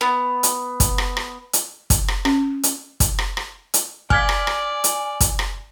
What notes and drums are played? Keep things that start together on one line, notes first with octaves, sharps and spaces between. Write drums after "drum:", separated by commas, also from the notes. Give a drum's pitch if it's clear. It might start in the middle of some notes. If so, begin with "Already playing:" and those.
B3
drum: hi-hat
drum: kick, hi-hat
drum: rim click
drum: rim click
drum: hi-hat
drum: kick, hi-hat
drum: rim click
C#4, drum: rim click
drum: hi-hat
drum: kick, hi-hat
drum: rim click
drum: rim click
drum: hi-hat
D5 G#5 F6 G#6 B6, drum: kick
drum: rim click
drum: rim click
drum: hi-hat
drum: kick, hi-hat
drum: rim click